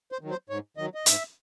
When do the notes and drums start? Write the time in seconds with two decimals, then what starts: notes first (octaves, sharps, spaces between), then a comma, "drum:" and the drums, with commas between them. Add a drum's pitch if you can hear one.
0.12 C5
0.21 D#3 F#3
0.31 C5
0.49 G#2 C#5
0.77 D#3 F#3 D#5
0.95 D#5
1.06 G#2 E5, drum: hi-hat